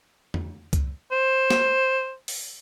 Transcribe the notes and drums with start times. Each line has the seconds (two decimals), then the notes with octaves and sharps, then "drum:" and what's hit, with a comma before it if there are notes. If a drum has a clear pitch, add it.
0.34 drum: tom
0.73 drum: kick C#2, hi-hat
1.12 C5
1.50 drum: snare
2.28 drum: open hi-hat